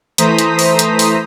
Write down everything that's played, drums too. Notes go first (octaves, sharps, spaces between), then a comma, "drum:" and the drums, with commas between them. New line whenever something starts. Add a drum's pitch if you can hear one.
E3 A3 C5 A#5 D#6 B6, drum: hi-hat
drum: hi-hat
drum: open hi-hat
drum: hi-hat
drum: open hi-hat